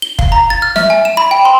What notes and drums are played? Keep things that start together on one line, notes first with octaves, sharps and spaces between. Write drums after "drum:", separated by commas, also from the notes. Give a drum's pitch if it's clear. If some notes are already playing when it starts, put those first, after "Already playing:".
G7
F5, drum: kick F1
A#5
A6
F6
E5, drum: snare
G#5
E7
B5
G5
C6